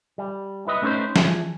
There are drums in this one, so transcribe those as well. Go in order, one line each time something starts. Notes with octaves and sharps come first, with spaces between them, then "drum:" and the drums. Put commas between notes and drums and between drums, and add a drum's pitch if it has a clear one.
G3
E4 B4 D#5
A3 C#4 D#4 E4 B4 C5
E3 F3 G#4, drum: snare